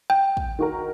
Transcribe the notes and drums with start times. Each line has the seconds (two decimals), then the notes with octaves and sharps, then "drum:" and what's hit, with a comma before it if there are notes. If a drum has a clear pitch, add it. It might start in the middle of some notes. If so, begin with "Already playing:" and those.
0.10 G5
0.37 drum: kick
0.59 D#3 F#4 A#4